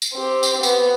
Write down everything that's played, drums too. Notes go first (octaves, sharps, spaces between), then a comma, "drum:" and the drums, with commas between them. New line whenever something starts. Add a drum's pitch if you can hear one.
drum: tambourine
C4 G4
drum: tambourine
B3, drum: tambourine